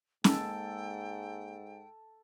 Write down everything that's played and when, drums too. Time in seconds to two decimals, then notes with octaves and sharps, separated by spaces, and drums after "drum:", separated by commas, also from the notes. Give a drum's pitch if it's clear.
0.24 G#2 G#3 A#3 A4 G5, drum: snare C#4